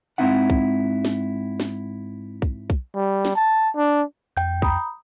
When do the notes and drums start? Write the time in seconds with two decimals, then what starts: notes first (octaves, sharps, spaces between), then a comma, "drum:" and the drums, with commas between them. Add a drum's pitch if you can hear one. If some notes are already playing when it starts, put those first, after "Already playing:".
0.18 G#2 A3 C4 D#4 E4 F#5
0.50 drum: kick
1.05 drum: snare
1.60 drum: snare
2.42 drum: kick
2.70 drum: kick
2.95 G3
3.25 drum: snare
3.36 A5
3.76 D4
4.37 F2 G5 G6
4.62 A#5 B5 D#6, drum: kick